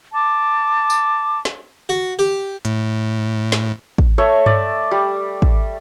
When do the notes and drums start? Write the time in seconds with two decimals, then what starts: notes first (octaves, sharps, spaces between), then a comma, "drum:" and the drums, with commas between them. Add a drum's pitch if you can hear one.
0.13 A5 D6
0.90 drum: tambourine
1.45 drum: snare
1.89 F#4
2.19 G4
2.65 A2, drum: hi-hat
3.52 drum: snare
3.98 drum: kick
4.18 A3 C#5 E5
4.46 D5, drum: tom G2
4.91 G3
5.42 drum: kick